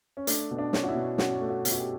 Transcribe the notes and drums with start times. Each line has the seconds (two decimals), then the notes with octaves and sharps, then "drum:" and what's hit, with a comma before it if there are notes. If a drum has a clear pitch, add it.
0.17 C#4
0.27 A3 D4, drum: hi-hat
0.51 B2
0.58 D4
0.73 C#4, drum: snare
0.84 F#4
0.88 E4
0.95 B2
1.18 C#4 F#4, drum: snare
1.41 A3
1.49 F#4
1.65 B2, drum: hi-hat
1.71 F#4
1.79 G4